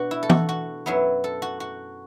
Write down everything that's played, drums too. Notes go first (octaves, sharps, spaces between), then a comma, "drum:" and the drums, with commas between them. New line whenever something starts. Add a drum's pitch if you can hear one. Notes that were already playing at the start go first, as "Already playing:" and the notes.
Already playing: B2 D4 F#4 B4
E4
A4
F#4, drum: tom
F#4
F#2 F#3 B3 E4
A4
F#4
F#4